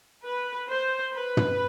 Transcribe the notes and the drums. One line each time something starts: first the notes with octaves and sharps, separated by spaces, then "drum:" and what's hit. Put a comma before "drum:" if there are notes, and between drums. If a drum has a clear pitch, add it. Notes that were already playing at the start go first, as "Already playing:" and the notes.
B4
C5
B4
drum: tom